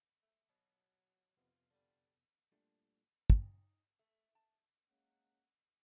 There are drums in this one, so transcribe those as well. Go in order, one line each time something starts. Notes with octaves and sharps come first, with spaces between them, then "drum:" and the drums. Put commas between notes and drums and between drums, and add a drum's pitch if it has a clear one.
A3
B2 F#3
F2 C3 B3 F4
D3 G3
A#2 G3 A3 D4
D#4, drum: kick
A3
A5
G#3 A#3 C#4 F#5